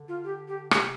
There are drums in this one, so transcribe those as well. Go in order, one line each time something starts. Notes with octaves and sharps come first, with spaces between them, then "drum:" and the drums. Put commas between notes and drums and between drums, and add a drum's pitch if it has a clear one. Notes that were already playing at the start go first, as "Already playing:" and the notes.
Already playing: D3
F4
G4
G4
C3 G4, drum: rim click